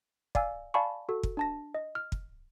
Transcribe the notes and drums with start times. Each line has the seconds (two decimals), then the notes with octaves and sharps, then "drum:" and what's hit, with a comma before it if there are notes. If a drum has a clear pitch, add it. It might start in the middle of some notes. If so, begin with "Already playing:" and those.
0.35 D5 F5 G#5 E6, drum: kick
0.74 D5 F5 G#5 A5 B5 C#6
1.09 F#4 A4
1.23 drum: kick
1.37 D4 A5 A#6
1.75 D#5
1.95 F6
2.12 drum: kick